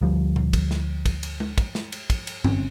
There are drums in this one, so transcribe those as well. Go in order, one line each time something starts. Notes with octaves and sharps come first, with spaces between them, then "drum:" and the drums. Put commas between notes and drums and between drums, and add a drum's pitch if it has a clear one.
D2 F3 G3
drum: tom A#2
drum: kick, cymbal
drum: snare
drum: kick, cymbal
drum: cymbal
drum: tom G#3
drum: kick, cymbal
drum: snare
drum: cymbal
drum: kick, cymbal
drum: cymbal
G1 C4 C#4, drum: tom G2